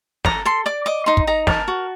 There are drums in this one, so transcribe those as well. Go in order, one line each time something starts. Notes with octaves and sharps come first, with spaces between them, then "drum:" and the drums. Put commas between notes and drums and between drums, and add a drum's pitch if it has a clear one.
A4 A#5, drum: snare
A4 C6
D5 D6
D#5 D6
D#4 C6
drum: kick
D#4 A#5
A#4 A5, drum: snare
F#4